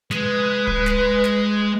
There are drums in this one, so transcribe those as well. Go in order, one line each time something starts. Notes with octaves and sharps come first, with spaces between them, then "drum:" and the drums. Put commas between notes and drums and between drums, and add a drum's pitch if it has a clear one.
G#3 B4, drum: snare
drum: kick
drum: snare
drum: snare